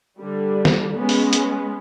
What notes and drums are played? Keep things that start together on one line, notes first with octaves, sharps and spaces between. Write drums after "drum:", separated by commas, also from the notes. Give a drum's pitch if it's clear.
D3 G3
drum: snare
G#3 B3 C#4
drum: open hi-hat
drum: hi-hat